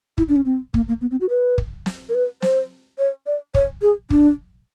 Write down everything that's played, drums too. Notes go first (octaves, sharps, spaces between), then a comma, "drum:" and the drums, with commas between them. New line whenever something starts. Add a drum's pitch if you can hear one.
E4, drum: kick
D4
C#4
C4
A#3, drum: kick
A#3
B3
C4
F#4
B4
drum: kick
drum: snare
A#4
B4
C5, drum: snare
C#5
D5
C#5, drum: kick
G#4
D4, drum: kick